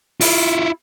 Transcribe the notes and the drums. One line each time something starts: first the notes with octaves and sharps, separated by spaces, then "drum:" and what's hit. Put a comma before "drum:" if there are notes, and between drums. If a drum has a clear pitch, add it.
E4 F4, drum: open hi-hat